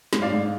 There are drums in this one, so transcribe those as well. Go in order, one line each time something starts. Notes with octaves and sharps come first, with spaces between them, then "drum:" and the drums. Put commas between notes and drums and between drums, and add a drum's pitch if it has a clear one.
G#2, drum: snare
D5 F5
G#2